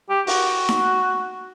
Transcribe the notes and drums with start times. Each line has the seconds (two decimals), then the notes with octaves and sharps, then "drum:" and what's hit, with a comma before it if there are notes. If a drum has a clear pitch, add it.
0.09 G4
0.27 F#4, drum: open hi-hat
0.69 drum: snare D#4